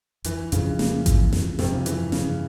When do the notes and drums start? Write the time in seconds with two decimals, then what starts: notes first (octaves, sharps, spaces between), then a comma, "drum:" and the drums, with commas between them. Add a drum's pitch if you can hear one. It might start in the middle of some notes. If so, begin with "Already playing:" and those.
0.24 F2 E3, drum: hi-hat
0.52 F2 C#3, drum: hi-hat
0.79 C#3 A#3, drum: snare
1.06 E3, drum: kick G#1, hi-hat
1.33 F2, drum: snare
1.59 F2 C3, drum: snare
1.72 C#3
1.86 G2 E3, drum: hi-hat
2.12 G2 C#3, drum: snare